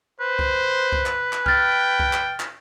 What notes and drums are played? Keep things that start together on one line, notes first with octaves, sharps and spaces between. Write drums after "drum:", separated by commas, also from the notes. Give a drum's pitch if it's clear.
B4 C5
drum: kick C2
drum: kick C2
drum: clap
drum: clap
G5 F6 A6, drum: kick C2
drum: kick C2
drum: clap
drum: clap